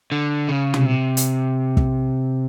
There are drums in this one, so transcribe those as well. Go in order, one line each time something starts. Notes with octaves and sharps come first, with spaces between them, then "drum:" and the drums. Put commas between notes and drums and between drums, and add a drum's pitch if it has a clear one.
D3
C#3
drum: tom
C3
drum: hi-hat
drum: kick